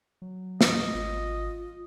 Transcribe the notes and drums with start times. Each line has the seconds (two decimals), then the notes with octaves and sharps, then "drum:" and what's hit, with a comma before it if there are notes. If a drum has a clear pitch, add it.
0.22 F#3
0.61 D#5, drum: snare
0.94 G#1 F4